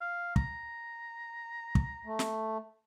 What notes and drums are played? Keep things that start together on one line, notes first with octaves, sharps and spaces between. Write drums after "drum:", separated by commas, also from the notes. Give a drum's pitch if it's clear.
F5
A#5, drum: kick
drum: kick
A3
drum: snare